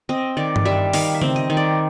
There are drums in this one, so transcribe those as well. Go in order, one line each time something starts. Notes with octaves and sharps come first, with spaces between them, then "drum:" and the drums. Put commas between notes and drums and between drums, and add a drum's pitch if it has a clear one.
C4 D#5
D#3 D5
drum: tom G2
G3 E5
D#3 F5, drum: open hi-hat
E5
C4, drum: tom C#3
D#5
D#3
D5